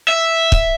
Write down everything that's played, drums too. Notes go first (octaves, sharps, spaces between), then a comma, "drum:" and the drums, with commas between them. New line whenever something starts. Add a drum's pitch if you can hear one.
E5
drum: kick